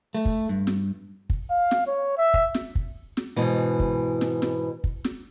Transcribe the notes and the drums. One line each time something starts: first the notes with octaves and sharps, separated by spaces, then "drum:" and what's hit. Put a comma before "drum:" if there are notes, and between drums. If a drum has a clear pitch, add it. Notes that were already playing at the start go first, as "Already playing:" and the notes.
A3
drum: kick
G2
drum: snare
drum: kick
F5
drum: snare
C#5
E5
drum: kick
drum: snare
drum: kick
drum: snare
G#2 B2 E3
drum: kick
drum: snare
drum: snare
drum: kick
drum: snare